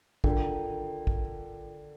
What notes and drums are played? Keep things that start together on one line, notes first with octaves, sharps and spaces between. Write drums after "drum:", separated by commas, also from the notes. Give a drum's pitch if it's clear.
D3 F4 A#4 G5, drum: kick
drum: kick